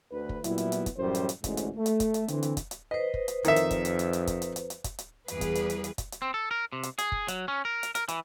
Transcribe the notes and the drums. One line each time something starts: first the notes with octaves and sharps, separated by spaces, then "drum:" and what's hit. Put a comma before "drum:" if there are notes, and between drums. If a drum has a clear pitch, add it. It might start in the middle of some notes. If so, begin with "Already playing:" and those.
D2 B4
drum: kick
A#2 F#3 G3 B3 E4, drum: hi-hat
drum: hi-hat
drum: hi-hat
drum: kick, hi-hat
A1 F#2 A2 G3 C5
drum: hi-hat
drum: hi-hat
A1 D2 G#2, drum: kick, hi-hat
drum: hi-hat
A3
drum: hi-hat
drum: kick, hi-hat
drum: hi-hat
D3 E3 C4, drum: hi-hat
drum: hi-hat
drum: kick, hi-hat
drum: hi-hat
B4 C5 D#5
drum: kick
drum: hi-hat
F2 D#3 E5, drum: hi-hat
drum: hi-hat
drum: kick, hi-hat
drum: hi-hat
drum: hi-hat
drum: hi-hat
drum: kick, hi-hat
drum: hi-hat
drum: hi-hat
drum: hi-hat
drum: kick, hi-hat
drum: hi-hat
E2 G3 G#4 B4, drum: hi-hat
drum: kick, hi-hat
drum: hi-hat
drum: hi-hat
drum: hi-hat
drum: kick, hi-hat
drum: hi-hat
C4
A4
A#4
C3
drum: hi-hat
G#4, drum: hi-hat
drum: kick
F#3, drum: hi-hat
C#4
A#4
drum: hi-hat
A#4, drum: hi-hat
E3, drum: hi-hat